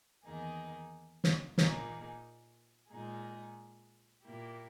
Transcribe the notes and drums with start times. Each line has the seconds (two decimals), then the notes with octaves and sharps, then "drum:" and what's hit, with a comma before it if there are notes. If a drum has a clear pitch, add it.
0.24 E2 D#3 A#3 D#4 G#4
1.24 drum: snare
1.58 A#2 A#3 D#4 G#4, drum: snare
2.90 A#2 G#3 D#4 G#4
4.23 A#2 A#3 E4 G4